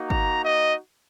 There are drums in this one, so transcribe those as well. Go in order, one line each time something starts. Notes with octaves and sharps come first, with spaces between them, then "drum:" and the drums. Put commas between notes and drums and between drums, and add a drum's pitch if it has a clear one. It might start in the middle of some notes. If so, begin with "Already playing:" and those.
Already playing: A#3 D#4 F#4
A#5, drum: kick G1
D#5